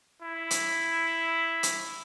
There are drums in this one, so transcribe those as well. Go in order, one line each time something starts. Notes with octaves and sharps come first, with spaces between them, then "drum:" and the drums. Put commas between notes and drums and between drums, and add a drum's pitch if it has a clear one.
E4
drum: hi-hat
drum: hi-hat